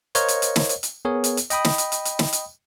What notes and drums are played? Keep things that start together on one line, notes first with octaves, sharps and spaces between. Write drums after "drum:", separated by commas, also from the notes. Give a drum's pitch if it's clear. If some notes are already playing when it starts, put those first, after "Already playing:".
A#4 C5 C#5 D#5 F5, drum: hi-hat
drum: hi-hat
drum: hi-hat
drum: snare
drum: hi-hat
drum: hi-hat
B3 G#4 A#4 C#5
drum: hi-hat
drum: hi-hat
D#5 G5 B5 D#6, drum: hi-hat
drum: snare
drum: hi-hat
drum: hi-hat
drum: hi-hat
drum: snare
drum: hi-hat